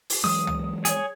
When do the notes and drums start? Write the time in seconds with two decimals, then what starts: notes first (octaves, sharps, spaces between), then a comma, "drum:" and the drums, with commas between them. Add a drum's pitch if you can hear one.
0.10 drum: open hi-hat
0.24 E3 F#3 G#3 D#6
0.47 drum: tom
0.85 G#4 C#5, drum: hi-hat